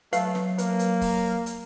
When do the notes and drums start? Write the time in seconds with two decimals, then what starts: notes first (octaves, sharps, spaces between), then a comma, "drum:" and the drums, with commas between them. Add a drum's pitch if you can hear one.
0.13 F#3 A3 B4 F5, drum: hi-hat
0.35 drum: snare
0.58 A#3 B4, drum: hi-hat
0.79 drum: hi-hat
1.02 drum: kick C#1, open hi-hat
1.46 drum: hi-hat